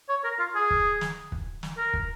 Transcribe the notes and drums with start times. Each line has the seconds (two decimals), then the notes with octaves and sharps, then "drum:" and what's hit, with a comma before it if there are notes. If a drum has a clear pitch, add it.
0.09 C#5
0.24 A#4
0.39 F4
0.55 G#4
0.70 drum: kick
1.01 drum: snare
1.32 drum: kick
1.63 drum: snare
1.78 A#4
1.94 drum: kick